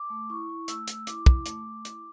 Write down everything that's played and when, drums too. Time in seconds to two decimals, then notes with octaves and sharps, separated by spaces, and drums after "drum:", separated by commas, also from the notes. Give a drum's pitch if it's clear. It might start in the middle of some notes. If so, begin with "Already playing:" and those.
Already playing: D6
0.10 A3
0.30 E4 C#6
0.50 E4
0.68 A3 E6, drum: hi-hat
0.88 A3 E6, drum: hi-hat
1.07 E4 D6, drum: hi-hat
1.26 E4, drum: kick
1.46 A3, drum: hi-hat
1.65 A3
1.85 E4, drum: hi-hat